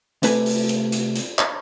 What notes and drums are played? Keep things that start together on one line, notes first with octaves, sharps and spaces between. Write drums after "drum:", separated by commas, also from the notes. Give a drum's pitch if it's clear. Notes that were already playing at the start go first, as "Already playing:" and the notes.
C3 A3 B4 G#5, drum: hi-hat
drum: open hi-hat
drum: hi-hat
drum: hi-hat
drum: hi-hat
drum: clap